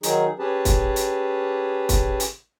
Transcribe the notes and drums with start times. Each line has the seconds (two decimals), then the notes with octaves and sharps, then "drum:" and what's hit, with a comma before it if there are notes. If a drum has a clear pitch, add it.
0.03 D#3 F#3 D#4 G#4, drum: hi-hat
0.39 C#4 G4 G#4 B4 A5
0.65 drum: kick, hi-hat
0.96 drum: hi-hat
1.89 drum: kick, hi-hat
2.20 drum: hi-hat